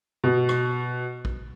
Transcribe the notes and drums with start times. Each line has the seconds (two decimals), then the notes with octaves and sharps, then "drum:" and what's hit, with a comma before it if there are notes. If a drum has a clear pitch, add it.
0.24 B2
0.49 drum: rim click
1.25 drum: kick